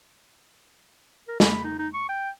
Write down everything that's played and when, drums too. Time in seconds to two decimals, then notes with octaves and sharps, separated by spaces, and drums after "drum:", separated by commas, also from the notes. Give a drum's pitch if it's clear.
1.28 A#4
1.40 B5, drum: snare
1.64 D#4
1.79 D#4
1.94 C#6
2.09 G5